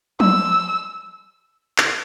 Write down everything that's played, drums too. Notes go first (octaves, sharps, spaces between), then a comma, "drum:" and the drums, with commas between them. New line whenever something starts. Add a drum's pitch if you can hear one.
E6, drum: tom F3
drum: clap